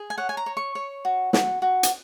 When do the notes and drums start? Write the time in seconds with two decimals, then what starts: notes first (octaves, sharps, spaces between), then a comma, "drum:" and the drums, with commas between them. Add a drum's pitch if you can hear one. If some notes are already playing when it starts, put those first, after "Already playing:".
Already playing: G#4
0.10 G#5
0.18 C#5 F#5
0.29 G#5
0.37 A#5
0.46 C#5
0.57 C#6
0.75 C#5
1.05 F#4
1.33 F#4, drum: snare
1.62 F#4
1.83 drum: hi-hat